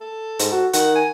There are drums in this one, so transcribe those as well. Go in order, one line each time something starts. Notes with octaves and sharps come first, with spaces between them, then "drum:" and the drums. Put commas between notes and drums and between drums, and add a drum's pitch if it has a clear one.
A4
G#2, drum: hi-hat
F#4
D#3 F#5, drum: hi-hat
G#5